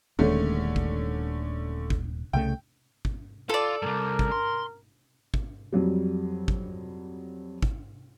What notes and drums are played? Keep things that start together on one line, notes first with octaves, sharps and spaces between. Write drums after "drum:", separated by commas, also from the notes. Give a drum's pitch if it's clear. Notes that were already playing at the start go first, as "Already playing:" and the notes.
D#1 D#2 D3 G#3 A3 C#4
drum: kick
drum: kick
C2 C#3 A3 G5
drum: kick
F4 A4 D5
C2 G2 A#4
drum: kick
C6
drum: kick
F2 F#3 G3
drum: kick
drum: kick